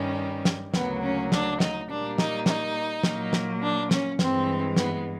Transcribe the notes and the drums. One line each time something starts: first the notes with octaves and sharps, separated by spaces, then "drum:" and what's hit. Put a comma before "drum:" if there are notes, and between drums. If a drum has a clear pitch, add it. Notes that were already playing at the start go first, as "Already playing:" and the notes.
Already playing: G2 D#3 G3 C#4
drum: snare
D2 C#3 F#3 A#3 B3, drum: snare
C#4
D4, drum: snare
D#4, drum: snare
A#2 G3 A#3 D4
D#4, drum: snare
D#4, drum: snare
A#2 F#3 A#3, drum: snare
drum: snare
D4
C#4, drum: snare
G2 E3 G#3 C4, drum: snare
B3, drum: snare